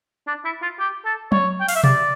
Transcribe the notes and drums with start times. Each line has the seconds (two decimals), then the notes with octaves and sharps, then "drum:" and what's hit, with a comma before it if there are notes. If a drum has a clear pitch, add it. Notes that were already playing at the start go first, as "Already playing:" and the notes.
0.28 D4
0.45 E4
0.62 F4
0.80 G4
1.05 A4
1.32 C#5, drum: tom F#3
1.61 G5
1.68 F5, drum: open hi-hat
1.75 E5
1.84 D5, drum: tom B2